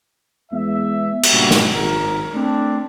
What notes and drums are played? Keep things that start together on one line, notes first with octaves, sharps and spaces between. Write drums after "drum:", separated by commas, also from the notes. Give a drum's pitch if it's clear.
E2 G#3 B3 E5
drum: cymbal
G2 A#2 C#3 G3 A#3 F#4
drum: snare
G#1 A#4
A3 C4 D4